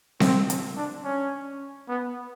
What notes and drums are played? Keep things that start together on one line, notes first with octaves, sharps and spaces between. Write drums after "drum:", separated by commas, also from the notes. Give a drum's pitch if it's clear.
C4, drum: snare C4
drum: hi-hat
D4
C#4
B3